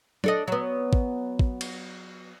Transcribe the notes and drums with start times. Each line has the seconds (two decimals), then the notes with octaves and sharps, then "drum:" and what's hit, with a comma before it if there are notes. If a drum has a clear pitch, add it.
0.24 D4 A4 D#5, drum: tom
0.48 F#3 B3
0.93 drum: kick
1.39 drum: kick
1.61 drum: cymbal